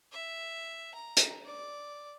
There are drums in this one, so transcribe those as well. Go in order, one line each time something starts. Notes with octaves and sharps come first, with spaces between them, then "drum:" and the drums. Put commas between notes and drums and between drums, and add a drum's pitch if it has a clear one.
E5
A#5
drum: hi-hat
D5